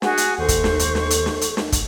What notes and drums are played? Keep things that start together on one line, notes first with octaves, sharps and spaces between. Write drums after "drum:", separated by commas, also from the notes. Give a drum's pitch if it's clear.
F#4 G#4 F#5 G#5, drum: snare
drum: hi-hat
D#2 A4 C5 C#6
drum: kick, hi-hat
drum: snare
drum: hi-hat
drum: snare
drum: hi-hat
drum: snare
drum: hi-hat
drum: snare
drum: kick, hi-hat